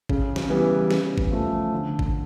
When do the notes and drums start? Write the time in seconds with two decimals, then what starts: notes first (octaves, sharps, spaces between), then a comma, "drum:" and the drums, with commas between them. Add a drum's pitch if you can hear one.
0.10 C#3, drum: kick
0.36 drum: snare
0.50 E3 G3 B3
0.91 C#3, drum: snare
1.18 drum: kick
1.31 F3 A3
1.72 D3
1.99 drum: kick